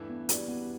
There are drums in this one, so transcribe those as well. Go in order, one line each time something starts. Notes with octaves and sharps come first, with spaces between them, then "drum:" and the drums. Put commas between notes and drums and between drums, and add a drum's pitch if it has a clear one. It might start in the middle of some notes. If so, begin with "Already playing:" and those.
Already playing: G2 E3 A3 E4
B3
E3 G3 D4 F#4, drum: hi-hat
B3